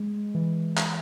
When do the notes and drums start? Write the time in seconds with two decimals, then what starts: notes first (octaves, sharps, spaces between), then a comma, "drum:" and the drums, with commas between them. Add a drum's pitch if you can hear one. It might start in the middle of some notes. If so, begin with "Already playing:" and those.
Already playing: G#3
0.35 E3
0.77 drum: clap